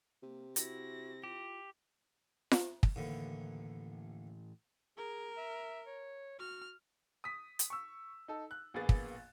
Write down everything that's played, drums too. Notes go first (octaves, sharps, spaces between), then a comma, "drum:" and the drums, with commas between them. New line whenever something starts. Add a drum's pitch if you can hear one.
C3 A#3
E4 F#4 A#6, drum: hi-hat
F4 G4
drum: snare F4
drum: kick
D#2 A2 D3 E3
G#4 A#4
E5
C#5
F#4 F6
D#6 B6
drum: hi-hat
C#6 E6
D#4 A4
F#6
A#1 A#3 B3 G#4 A6
drum: kick